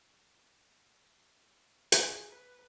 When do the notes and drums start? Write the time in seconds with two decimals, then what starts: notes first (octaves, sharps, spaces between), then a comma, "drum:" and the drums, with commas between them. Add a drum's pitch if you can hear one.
1.92 G#4, drum: hi-hat
2.29 B4